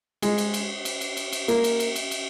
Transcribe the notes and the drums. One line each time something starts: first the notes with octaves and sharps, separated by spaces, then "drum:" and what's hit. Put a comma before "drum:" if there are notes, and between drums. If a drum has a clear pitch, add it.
G#3, drum: cymbal
drum: cymbal
drum: cymbal
drum: cymbal
drum: cymbal
drum: cymbal
drum: cymbal
A#3, drum: cymbal
drum: cymbal
drum: cymbal
drum: cymbal
drum: cymbal